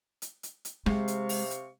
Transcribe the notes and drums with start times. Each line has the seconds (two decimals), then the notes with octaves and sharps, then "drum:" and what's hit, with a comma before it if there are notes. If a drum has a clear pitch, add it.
0.22 drum: hi-hat
0.43 drum: hi-hat
0.65 drum: hi-hat
0.86 C3 G#3 F5 C#6, drum: rim click
1.08 drum: hi-hat
1.29 drum: open hi-hat
1.51 drum: hi-hat